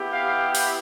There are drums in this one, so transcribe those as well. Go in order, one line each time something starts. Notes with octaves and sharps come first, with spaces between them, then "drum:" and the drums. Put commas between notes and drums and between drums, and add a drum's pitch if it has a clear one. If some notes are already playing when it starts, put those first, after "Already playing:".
Already playing: B3 E4 G4
F5
drum: open hi-hat